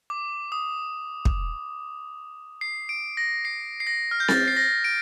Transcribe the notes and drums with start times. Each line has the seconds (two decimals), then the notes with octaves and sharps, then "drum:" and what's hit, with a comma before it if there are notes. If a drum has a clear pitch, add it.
0.10 D6
0.52 D#6
1.25 drum: kick
2.61 C7
2.89 D7
3.17 A#6
3.45 C7
3.80 C7
3.87 A#6
4.11 F6
4.20 G6
4.28 A6, drum: snare C4
4.48 C7
4.57 A#6
4.84 D7